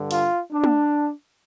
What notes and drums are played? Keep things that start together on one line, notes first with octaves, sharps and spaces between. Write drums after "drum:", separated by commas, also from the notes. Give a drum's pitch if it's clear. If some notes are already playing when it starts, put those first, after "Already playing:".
Already playing: G2 D3
F4, drum: open hi-hat
D4
drum: tom